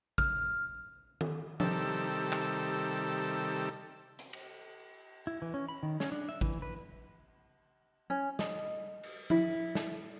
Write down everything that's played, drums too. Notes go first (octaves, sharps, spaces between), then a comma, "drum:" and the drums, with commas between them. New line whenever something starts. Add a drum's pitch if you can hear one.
F6, drum: kick A1
drum: tom D#3
C3 D#3 G3 A4 E6, drum: tom F3
drum: clap
drum: hi-hat
drum: cymbal
E4
E3
C#4
B5
D#3
C#4, drum: snare
D4
E5
E3, drum: kick A1
B4
C#4
D#5, drum: snare
drum: cymbal
E4, drum: tom F3
drum: snare